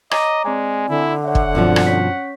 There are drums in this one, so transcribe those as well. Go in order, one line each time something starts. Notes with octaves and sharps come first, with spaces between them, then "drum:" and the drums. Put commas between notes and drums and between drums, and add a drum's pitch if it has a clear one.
C#5 D#5 A#5 D6, drum: rim click
G#3 C4 D5 G#5
D3 E4
C#5 E5 F#5
drum: kick
G2 B2 F3 C4 D5
drum: rim click
C#4 C#5 B6